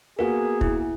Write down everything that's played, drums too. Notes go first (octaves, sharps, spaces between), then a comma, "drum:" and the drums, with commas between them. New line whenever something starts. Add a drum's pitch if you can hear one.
A#3 B3 F#4 G#4 A#4
E4, drum: kick